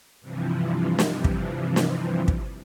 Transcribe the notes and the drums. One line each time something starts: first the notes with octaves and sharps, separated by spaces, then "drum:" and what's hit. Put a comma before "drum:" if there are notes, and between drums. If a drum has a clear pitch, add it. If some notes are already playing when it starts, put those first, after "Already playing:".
G2 C3 E3 F3
drum: snare
drum: kick
drum: snare
drum: kick